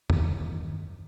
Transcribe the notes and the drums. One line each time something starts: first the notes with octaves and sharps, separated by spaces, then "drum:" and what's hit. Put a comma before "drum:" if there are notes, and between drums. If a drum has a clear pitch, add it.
E1 G2 D#3 E3, drum: tom E2